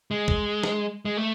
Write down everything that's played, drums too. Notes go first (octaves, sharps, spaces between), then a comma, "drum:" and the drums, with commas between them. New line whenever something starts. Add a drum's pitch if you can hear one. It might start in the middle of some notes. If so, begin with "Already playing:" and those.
G#3
drum: kick
drum: snare
G#3
A3